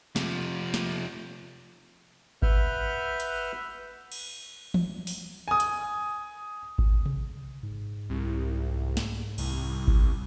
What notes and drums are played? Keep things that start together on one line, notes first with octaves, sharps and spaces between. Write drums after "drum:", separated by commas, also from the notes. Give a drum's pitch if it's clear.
C3 F3, drum: snare
drum: snare
B4 E5 F#5 F6 G6, drum: kick G#1
drum: hi-hat
drum: cymbal
drum: tom E3
drum: open hi-hat
G#5 D#6
drum: hi-hat
drum: kick G#1
drum: tom C3
G#2
C2
drum: snare
C2, drum: cymbal
drum: kick G#1